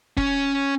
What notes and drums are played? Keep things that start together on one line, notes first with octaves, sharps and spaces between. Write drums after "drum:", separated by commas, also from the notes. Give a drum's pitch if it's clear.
C#4, drum: kick